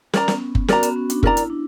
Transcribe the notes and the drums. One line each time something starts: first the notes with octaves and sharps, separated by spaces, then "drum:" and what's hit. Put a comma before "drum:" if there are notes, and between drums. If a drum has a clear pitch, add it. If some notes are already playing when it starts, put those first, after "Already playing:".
C#4 A#4 D5 A#5, drum: snare
B3, drum: snare
drum: kick F#1
F#4 A#4 D5 A#5, drum: snare
B3, drum: hi-hat
C#4
D4, drum: hi-hat
E4 A#4 D5 A#5, drum: kick F#1
drum: hi-hat
D4